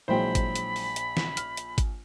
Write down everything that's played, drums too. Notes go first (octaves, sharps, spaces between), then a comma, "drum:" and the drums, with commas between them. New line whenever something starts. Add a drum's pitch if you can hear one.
A#1 E3 F#3 G#3 C5 G5 B5
drum: kick G#1, hi-hat
drum: hi-hat
drum: open hi-hat
drum: hi-hat
drum: snare
F6, drum: hi-hat
drum: hi-hat
drum: kick G#1, hi-hat